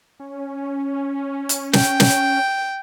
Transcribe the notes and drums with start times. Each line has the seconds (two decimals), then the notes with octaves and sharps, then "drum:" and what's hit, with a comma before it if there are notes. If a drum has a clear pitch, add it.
0.20 C#4
1.49 drum: hi-hat
1.73 G5, drum: snare
2.00 drum: snare